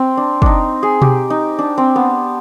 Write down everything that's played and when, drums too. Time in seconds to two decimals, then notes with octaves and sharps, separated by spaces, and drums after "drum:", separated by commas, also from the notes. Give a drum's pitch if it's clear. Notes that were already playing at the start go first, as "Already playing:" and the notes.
Already playing: C4
0.17 D4
0.42 D4 D#4, drum: kick
0.83 G#4
1.02 G4, drum: tom B2
1.30 D#4
1.59 D4
1.78 C4
1.96 B3